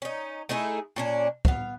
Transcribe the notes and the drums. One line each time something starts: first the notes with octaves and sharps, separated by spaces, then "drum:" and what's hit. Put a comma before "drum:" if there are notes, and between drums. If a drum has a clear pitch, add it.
C#4 D#4
A3 D#4 E4 G#4
A#2 C#4 D4
B3 F5, drum: kick